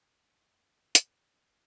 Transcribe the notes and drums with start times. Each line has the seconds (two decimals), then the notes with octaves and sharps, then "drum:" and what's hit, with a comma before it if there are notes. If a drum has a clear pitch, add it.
0.05 E2
0.19 A#1
0.33 F2
0.47 F2
0.65 C#2
0.78 D3
0.95 C3, drum: hi-hat
1.07 F2
1.21 C3
1.34 D#3
1.49 E1